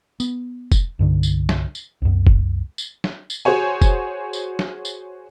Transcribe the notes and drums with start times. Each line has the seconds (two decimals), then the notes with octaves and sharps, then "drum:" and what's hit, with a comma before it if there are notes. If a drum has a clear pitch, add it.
0.20 B3, drum: tambourine
0.72 drum: kick, tambourine
0.99 C2 G2 D3
1.23 drum: tambourine
1.49 drum: snare
1.75 drum: tambourine
2.02 C2 F#2
2.27 drum: kick
2.78 drum: tambourine
3.04 drum: snare
3.30 drum: tambourine
3.45 F#4 G#4 C5 C#5 G#5
3.82 drum: kick, tambourine
4.33 drum: tambourine
4.59 drum: snare
4.85 drum: tambourine